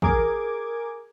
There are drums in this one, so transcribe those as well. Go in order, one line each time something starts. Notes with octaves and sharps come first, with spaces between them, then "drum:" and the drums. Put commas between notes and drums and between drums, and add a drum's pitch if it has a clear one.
G#4 A#4 D6 G#6, drum: kick